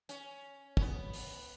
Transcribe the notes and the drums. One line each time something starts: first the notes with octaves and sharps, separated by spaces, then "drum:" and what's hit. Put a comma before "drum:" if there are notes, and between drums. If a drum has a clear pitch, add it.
C#4, drum: hi-hat
C#4, drum: kick
B3
drum: open hi-hat